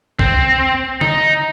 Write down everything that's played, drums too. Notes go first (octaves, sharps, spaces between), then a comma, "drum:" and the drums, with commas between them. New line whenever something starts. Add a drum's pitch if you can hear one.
C4, drum: kick C2
D#4, drum: tom C#3